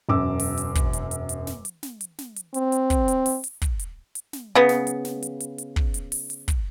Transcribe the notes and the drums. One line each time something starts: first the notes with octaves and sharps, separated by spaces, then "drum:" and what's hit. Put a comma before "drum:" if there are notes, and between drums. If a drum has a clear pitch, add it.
E1 F#2 D6 E6
drum: open hi-hat
drum: hi-hat
drum: kick, hi-hat
drum: hi-hat
drum: hi-hat
drum: hi-hat
drum: snare
drum: hi-hat
drum: snare
drum: hi-hat
drum: snare
drum: hi-hat
C4, drum: hi-hat
drum: hi-hat
drum: kick, hi-hat
drum: hi-hat
drum: open hi-hat
drum: hi-hat
drum: kick, hi-hat
drum: hi-hat
drum: hi-hat
drum: snare
C#3 B3
drum: snare
drum: hi-hat
drum: snare
drum: hi-hat
drum: hi-hat
drum: hi-hat
drum: kick
drum: hi-hat
drum: open hi-hat
drum: hi-hat
drum: kick, hi-hat